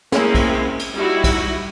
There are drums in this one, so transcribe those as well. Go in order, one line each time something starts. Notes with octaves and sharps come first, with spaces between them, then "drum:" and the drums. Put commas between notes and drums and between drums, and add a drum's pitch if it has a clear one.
G#3 A#3 C4 C#4 E4, drum: snare
drum: kick, cymbal
drum: cymbal
G3 D#4 E4 F#4
drum: kick, cymbal